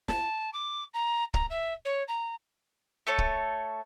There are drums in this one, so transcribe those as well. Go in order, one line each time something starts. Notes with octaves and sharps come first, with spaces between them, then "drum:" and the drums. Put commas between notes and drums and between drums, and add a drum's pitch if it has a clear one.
A5, drum: snare
D6
A#5
A#5, drum: kick
E5
C#5
A#5
A3 A4 C#5
drum: kick